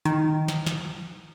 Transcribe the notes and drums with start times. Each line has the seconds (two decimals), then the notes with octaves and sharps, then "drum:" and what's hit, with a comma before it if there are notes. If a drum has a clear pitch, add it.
0.05 D#3, drum: hi-hat
0.48 drum: snare
0.66 drum: snare